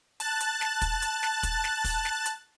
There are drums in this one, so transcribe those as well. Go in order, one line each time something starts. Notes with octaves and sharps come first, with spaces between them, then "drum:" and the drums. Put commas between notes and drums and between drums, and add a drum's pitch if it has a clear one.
A5 F#6 A6, drum: hi-hat
drum: hi-hat
drum: snare
drum: kick, hi-hat
drum: hi-hat
drum: snare
drum: kick, hi-hat
drum: snare
drum: kick, open hi-hat
drum: snare
drum: hi-hat